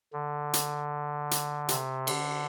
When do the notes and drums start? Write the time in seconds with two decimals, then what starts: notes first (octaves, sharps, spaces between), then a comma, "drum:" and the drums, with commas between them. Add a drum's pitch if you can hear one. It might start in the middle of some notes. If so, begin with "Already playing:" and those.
0.13 D3
0.53 drum: hi-hat
1.31 drum: hi-hat
1.68 C3, drum: hi-hat
2.07 D3, drum: cymbal